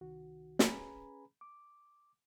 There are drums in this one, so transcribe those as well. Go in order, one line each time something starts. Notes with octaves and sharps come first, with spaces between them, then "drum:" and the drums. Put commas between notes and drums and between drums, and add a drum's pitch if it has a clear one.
C2 D#3 F#4
C#4 G#4 B4 G#5 A#5 B5, drum: snare
D6